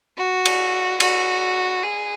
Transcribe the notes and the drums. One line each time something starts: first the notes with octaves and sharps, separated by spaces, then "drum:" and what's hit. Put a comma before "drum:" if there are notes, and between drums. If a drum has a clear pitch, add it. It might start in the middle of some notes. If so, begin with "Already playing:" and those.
F#4
drum: cymbal
F#4, drum: cymbal
G#4